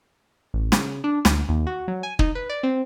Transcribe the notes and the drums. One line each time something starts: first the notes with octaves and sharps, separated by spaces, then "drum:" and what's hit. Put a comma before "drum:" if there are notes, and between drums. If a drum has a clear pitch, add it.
A1
C#3, drum: snare
D4
D2, drum: snare
D#2
F#4
F#3
G#5
D#4, drum: kick
B4
D5
C4